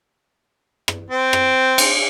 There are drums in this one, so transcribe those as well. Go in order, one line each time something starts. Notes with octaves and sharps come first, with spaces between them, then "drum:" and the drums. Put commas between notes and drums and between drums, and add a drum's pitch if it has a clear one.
drum: rim click
C4
drum: rim click
drum: cymbal